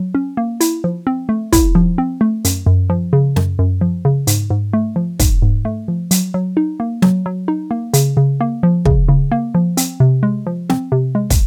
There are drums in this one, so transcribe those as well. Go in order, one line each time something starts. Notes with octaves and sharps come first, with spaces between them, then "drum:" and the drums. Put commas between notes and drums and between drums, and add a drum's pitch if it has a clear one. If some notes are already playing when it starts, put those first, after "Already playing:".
Already playing: F#3
C#4
A#3
E4, drum: hi-hat
F3
C4
A3
E4, drum: kick, hi-hat
F3
C4
A3
F#2, drum: hi-hat
F#2
F3
C#3
F#2, drum: snare
F#2
F3
C#3
G#2, drum: hi-hat
G#2
A3
F3
G#2, drum: kick, hi-hat
G#2
A3
F3
F#3, drum: hi-hat
F#3
D#4
A#3
F#3, drum: snare
F#3
D#4
A#3
C#3, drum: hi-hat
C#3
A#3
F3
C#3, drum: kick
C#3
A#3
F3
C4, drum: hi-hat
C3
G#3
F3
C4, drum: snare
C3
G#3
drum: kick, hi-hat